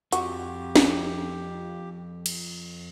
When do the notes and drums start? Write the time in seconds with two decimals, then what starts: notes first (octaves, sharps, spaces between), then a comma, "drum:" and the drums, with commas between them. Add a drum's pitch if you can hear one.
0.12 F2 F3 F#4 G4, drum: hi-hat
0.76 drum: snare
2.26 drum: cymbal